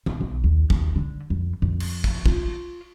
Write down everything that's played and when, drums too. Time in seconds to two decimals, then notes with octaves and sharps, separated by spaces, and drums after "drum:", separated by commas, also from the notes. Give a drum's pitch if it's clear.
0.06 B1, drum: tom D#3
0.21 B1
0.44 D#2
0.70 D#2, drum: kick
0.96 D3
1.30 F2
1.62 F2
1.80 drum: cymbal
2.04 drum: kick
2.26 F4, drum: kick